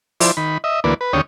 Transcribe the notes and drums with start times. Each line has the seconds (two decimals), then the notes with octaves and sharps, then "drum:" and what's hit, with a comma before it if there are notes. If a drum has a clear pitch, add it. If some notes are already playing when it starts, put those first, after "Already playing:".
0.21 F3 E4 C5 D5, drum: open hi-hat
0.37 D#3 B5
0.64 D#5 E5
0.84 D2 E3 A#3 B4 D5
1.01 B4
1.13 D#2 D3 C#4 C#5 G5 D#6